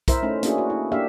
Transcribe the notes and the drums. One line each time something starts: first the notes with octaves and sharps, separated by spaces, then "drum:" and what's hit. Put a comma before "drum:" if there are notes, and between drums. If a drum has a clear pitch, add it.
E4 A#4 C5 E5, drum: kick, hi-hat
A3 C#4 D#4
A#3 C#4 D4 E4 F#4 G#4, drum: hi-hat
F#4
E4
A#3 D4 G4 E5 F5